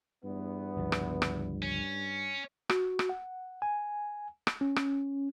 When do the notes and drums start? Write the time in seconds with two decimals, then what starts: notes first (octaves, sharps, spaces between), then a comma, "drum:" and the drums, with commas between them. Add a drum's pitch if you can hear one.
0.24 E2 G2 B3
0.77 G1 C#2 F3
0.92 drum: rim click
1.22 drum: rim click
1.62 C#4
2.69 F#4, drum: rim click
2.99 drum: rim click
3.09 F#5
3.62 G#5
4.47 drum: rim click
4.61 C#4
4.76 drum: rim click